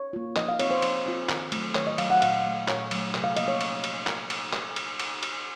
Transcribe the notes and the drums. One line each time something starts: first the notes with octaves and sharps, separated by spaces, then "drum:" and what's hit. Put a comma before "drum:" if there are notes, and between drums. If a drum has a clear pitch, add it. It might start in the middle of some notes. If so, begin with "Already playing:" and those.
Already playing: C#5
A#3 F4
F3 D#5, drum: clap
F5
C4 F4 C#5, drum: cymbal
C5
F3, drum: cymbal
C4 F4
D#3, drum: clap
F#3 A3, drum: cymbal
D#3 C#5, drum: clap
D#5
F#3 A3 F5, drum: cymbal
F#5
A#2 F5, drum: cymbal
F#3 A3
A#2 C#5, drum: clap
F#3 A3, drum: cymbal
C3, drum: clap
F5
F3 A#3 D#5, drum: cymbal
C#5
drum: cymbal
drum: cymbal
drum: clap
drum: cymbal
drum: clap
drum: cymbal
drum: cymbal
drum: cymbal